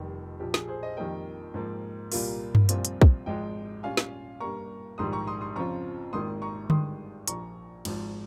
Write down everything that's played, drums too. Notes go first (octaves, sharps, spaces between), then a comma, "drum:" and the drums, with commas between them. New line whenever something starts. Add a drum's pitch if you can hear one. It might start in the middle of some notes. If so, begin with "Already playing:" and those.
Already playing: F1 F2 D#3 G3
A#1 A#2 F3 G4
G#4, drum: snare
G#4 C5
C5 D#5
F2 D#3 G3 A#3 D#5 G5
G#2 F3 A#3
C2 A#2 G3 A#3 F4, drum: open hi-hat
drum: tom G2
C2 A#2 F3 C4 F4, drum: hi-hat
drum: hi-hat
drum: kick
G#1 G#2 F3 G#3 D#5 G5
A#2 G3 C#4 F4 F5 G#5
drum: snare
G2 G3 A#3 A#5 C#6
A#1 G#2 D#3 G3 C6 D#6
A#5 C#6
C6 D#6
C6 D#6
F2 C#3 F3 C4 F4 A#5 C#6
G#1 G#2 D#3 A#3 C6 D#6
A#5 C#6
G2 D#3 G#3 C6 D#6, drum: tom D3
A#1 A#2 F3 A#5 C#6, drum: hi-hat
G#1 G#2 F3, drum: cymbal